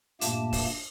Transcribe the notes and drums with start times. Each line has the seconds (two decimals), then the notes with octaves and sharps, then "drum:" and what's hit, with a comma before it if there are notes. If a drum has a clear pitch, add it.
0.21 G2 A#2 A3 A#3 G4 A5, drum: hi-hat
0.53 drum: kick, open hi-hat